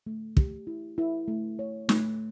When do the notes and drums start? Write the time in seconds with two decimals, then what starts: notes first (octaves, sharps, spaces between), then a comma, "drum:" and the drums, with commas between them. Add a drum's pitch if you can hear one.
0.07 A3
0.37 G4, drum: kick
0.67 E4
0.98 E4
1.28 A3
1.59 C#5
1.89 A3, drum: snare